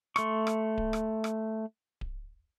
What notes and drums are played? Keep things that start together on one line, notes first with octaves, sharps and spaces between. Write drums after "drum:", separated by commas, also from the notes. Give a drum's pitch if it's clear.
A3 C6 C#6, drum: rim click
drum: rim click
drum: kick D1
drum: rim click
drum: rim click
drum: kick D1